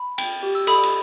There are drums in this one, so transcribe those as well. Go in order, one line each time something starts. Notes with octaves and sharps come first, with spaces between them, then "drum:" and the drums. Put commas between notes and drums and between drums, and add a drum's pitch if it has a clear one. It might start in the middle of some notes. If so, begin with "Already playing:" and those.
Already playing: B5
G5, drum: cymbal
G4
E6
A4 B5 D#6, drum: cymbal
drum: cymbal